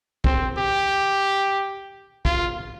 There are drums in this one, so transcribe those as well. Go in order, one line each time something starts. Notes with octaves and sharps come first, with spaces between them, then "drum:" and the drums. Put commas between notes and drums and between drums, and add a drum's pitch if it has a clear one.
C4, drum: kick
G4
F4, drum: kick